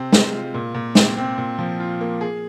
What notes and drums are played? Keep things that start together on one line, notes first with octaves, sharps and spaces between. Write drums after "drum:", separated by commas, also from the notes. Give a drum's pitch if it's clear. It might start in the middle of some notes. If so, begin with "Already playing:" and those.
Already playing: C3 C4
G#3, drum: snare
F4
A#2
A#2
C4, drum: snare
C4
A#2
F3
F4
A#3
G#4